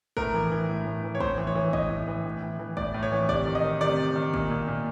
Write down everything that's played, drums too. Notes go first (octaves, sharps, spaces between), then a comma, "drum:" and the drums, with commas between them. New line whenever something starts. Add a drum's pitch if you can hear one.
A2 A#4, drum: kick
E3
E3
A2
A2
E3
C#5
A2 C5, drum: kick
E3
C#5
E3
A2 D#5, drum: kick
A2
E3
A2
E3
E3
A2 D5, drum: kick
A2
C#5
E3
C3 D5, drum: kick
D#3
D#5
D#3
C3 D5
C3
D#3
A#2, drum: kick
A#2
A#2